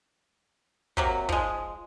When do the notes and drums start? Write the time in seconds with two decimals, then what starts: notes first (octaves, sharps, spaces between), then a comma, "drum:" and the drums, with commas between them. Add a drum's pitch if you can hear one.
0.97 C3 F#3 A#3, drum: kick
1.29 F3 G#3, drum: kick